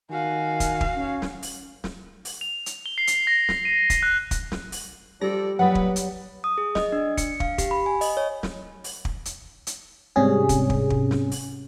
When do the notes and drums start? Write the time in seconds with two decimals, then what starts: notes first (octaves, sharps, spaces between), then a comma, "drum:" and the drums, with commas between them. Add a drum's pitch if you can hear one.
0.10 D#3 F#4 F5 G#5
0.60 drum: kick, hi-hat
0.81 drum: kick
0.95 C#4
1.22 drum: snare
1.43 drum: open hi-hat
1.84 drum: snare
2.25 drum: open hi-hat
2.41 F7
2.66 drum: hi-hat
2.86 G7
2.98 C7
3.07 drum: hi-hat
3.27 A#6
3.49 drum: snare
3.65 D#7
3.90 drum: kick, hi-hat
4.03 F#6
4.31 drum: kick, hi-hat
4.52 drum: snare
4.72 drum: open hi-hat
5.21 F3 G3 A4 D5 A#6
5.59 A#2 F#3 B3 D5 F#5 G5
5.75 drum: kick
5.96 drum: hi-hat
6.44 D#6
6.58 G#4
6.75 D#5, drum: snare
6.92 D4
7.17 C#7, drum: kick, hi-hat
7.40 F5, drum: kick
7.58 G4, drum: kick, hi-hat
7.71 B5
7.86 G#5
8.01 D#5, drum: open hi-hat
8.17 C#5
8.43 drum: snare
8.84 drum: open hi-hat
9.05 drum: kick
9.25 drum: hi-hat
9.67 drum: hi-hat
10.16 G#2 C3 G3 C#4 G#4
10.49 drum: kick, hi-hat
10.70 drum: kick
10.90 drum: kick
11.11 drum: snare
11.31 drum: open hi-hat